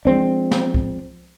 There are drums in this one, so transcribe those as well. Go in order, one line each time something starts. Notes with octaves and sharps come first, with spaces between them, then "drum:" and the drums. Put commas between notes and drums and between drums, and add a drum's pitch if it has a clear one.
F3 G#3 C4 D4
drum: snare
drum: kick C2